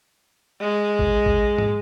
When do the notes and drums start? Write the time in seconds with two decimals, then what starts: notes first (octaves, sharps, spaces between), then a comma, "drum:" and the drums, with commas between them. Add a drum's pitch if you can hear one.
0.61 G#3
0.99 drum: kick A1
1.26 drum: kick A1
1.58 drum: tom G#2